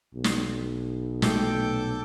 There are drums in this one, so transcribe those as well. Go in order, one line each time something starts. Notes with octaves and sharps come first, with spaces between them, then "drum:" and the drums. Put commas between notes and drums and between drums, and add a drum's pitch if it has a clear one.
B1
drum: snare
A#2 G#3 A3 A4 G5 D6, drum: snare